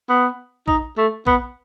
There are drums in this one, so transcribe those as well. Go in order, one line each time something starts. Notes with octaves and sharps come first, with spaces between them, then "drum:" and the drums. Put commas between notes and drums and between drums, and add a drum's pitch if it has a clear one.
B3
D#4, drum: kick
A3
B3, drum: kick